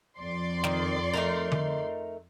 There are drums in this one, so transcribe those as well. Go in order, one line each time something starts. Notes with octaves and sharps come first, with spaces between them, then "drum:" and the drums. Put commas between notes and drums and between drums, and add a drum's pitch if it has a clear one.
F2 D5 C6
D#3, drum: snare
A3 D#4 A#4
drum: tom D3